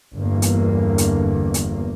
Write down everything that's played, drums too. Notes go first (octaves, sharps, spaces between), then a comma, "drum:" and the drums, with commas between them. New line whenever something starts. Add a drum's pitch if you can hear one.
G1 E2 A#3
drum: hi-hat
drum: hi-hat
drum: hi-hat